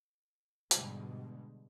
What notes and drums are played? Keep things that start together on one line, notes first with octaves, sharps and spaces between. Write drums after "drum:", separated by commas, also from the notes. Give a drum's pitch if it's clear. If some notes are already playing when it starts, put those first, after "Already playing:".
G#2 B2 D3 G3 G#3, drum: hi-hat